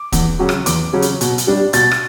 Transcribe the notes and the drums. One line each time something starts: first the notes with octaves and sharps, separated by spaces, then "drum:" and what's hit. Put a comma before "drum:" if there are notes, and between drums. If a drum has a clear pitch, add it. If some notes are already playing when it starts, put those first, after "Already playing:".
Already playing: D6
E2, drum: kick, hi-hat
C#3 F#3 C#4
drum: rim click
E2 D6, drum: hi-hat
C#3 F#3 C#4
drum: hi-hat
B2, drum: hi-hat
drum: hi-hat
G3 D4
B2 A6, drum: hi-hat
drum: rim click